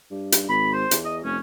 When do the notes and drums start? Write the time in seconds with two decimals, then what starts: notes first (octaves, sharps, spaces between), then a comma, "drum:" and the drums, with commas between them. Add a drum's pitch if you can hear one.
0.11 G2
0.32 drum: hi-hat
0.49 G#1 B5
0.73 C5
0.91 E2, drum: hi-hat
1.05 D#5
1.24 F1 C#4